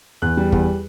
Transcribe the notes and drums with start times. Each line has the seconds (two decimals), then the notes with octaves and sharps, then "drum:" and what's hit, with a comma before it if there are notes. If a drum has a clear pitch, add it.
0.22 E2 F#6
0.37 G3
0.52 E2, drum: kick